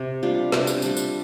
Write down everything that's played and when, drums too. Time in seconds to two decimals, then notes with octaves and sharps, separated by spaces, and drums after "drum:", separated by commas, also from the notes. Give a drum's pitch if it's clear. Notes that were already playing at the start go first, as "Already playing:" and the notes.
Already playing: C3
0.23 G3 D4 F4
0.52 C3, drum: snare
0.67 drum: tambourine
0.82 G3 D4 F4, drum: tambourine
0.97 drum: tambourine